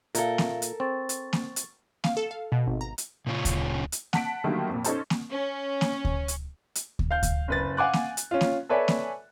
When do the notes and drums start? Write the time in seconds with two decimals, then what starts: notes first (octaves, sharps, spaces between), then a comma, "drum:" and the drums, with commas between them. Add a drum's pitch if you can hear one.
0.15 A#2 A4 A#4 E5 F5, drum: hi-hat
0.38 drum: snare A#3
0.62 drum: hi-hat
0.80 C4 C#6 A6
1.09 drum: hi-hat
1.33 drum: snare A#3
1.56 drum: hi-hat
2.04 F5, drum: snare A#3
2.17 A4
2.31 F5
2.52 B2
2.67 G#1
2.81 A#5
2.98 drum: hi-hat
3.27 A#2 C#3 C#4 F4
3.45 drum: kick D2, hi-hat
3.92 drum: hi-hat
4.13 F#5 A5 B6 D7, drum: snare A#3
4.44 D3 D#3 F#3 G3 A3 A#3
4.69 F2 A#2
4.84 C#4 D#4 A4 C5, drum: hi-hat
5.10 drum: snare A#3
5.30 C#4
5.81 drum: snare A#3
6.05 drum: kick D2
6.28 drum: hi-hat
6.75 drum: hi-hat
6.99 drum: kick D2
7.11 F5 G6
7.23 drum: kick D2, hi-hat
7.48 F#1 B4 A6
7.77 F5 F#5 G#5 D6 F#6
7.93 drum: snare A#3
8.17 drum: hi-hat
8.31 C#4 F4
8.41 drum: snare A#3
8.69 A4 B4 C#5 D5 E5 G#5
8.88 drum: snare A#3